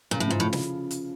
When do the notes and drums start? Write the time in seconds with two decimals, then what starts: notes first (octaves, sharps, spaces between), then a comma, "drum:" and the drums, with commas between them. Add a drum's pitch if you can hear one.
0.11 A#2 C#3
0.20 A2
0.27 G#2 F3
0.40 A2
0.43 C#3
0.53 drum: snare
0.91 drum: hi-hat